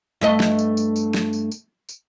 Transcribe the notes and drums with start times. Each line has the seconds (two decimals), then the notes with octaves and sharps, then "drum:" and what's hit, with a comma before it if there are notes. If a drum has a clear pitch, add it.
0.21 G2 A3 D#5
0.40 drum: snare
0.59 drum: tambourine
0.77 drum: tambourine
0.96 drum: tambourine
1.14 drum: snare
1.33 drum: tambourine
1.51 drum: tambourine
1.89 drum: tambourine